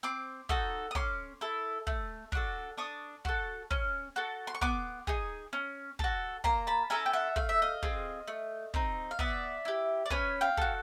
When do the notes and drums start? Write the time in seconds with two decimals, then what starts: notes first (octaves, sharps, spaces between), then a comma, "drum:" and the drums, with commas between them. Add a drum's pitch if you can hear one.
0.03 C4 C6 D6
0.49 D#4 F#4 A4, drum: kick
0.91 D#6
0.95 C#4 C6 D6, drum: kick
1.41 E4 A4
1.87 A3, drum: kick
2.32 D4 F#4 A4, drum: kick
2.77 D4 C#6 D#6
3.25 F#4 A4, drum: kick
3.71 C#4, drum: kick
4.16 F#4 A4
4.47 C6
4.55 C#6
4.61 B3 C6 D6, drum: kick
5.07 D#4 G#4, drum: kick
5.53 C#4
5.99 F#4 A4, drum: kick
6.44 A#3 A#5 C6, drum: kick
6.67 A5 B5
6.90 C#4 E4 A4 G#5 A#5
7.06 G5
7.13 E5 F#5
7.36 A3 F5, drum: kick
7.49 E5
7.62 D#5 F5
7.82 C4 F4 G#4, drum: kick
8.28 A3
8.74 C4 D#4, drum: kick
9.11 F5
9.19 B3 D5 E5, drum: kick
9.65 E4 G4
10.06 D5
10.10 C#4 B4 C#5, drum: kick
10.41 F5 G5
10.57 F#4 A4, drum: kick